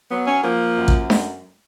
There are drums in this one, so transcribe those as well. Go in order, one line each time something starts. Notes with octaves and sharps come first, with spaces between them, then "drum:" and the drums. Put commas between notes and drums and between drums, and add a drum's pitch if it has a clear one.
F#3 B3
C#4
F3 A#3
F#2
drum: kick
drum: snare D4